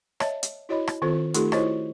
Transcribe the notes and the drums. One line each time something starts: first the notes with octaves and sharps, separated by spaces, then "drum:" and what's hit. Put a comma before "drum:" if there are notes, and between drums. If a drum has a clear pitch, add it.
C#5 D#5 E5 A5, drum: rim click
drum: hi-hat
E4 F#4 C#5 D#5 B5
drum: rim click
D#3 C4 F4 A4 C5
A3 D#4 F4 G4 A4, drum: hi-hat
E4 F#4 C5 C#5 D#5 C#6, drum: rim click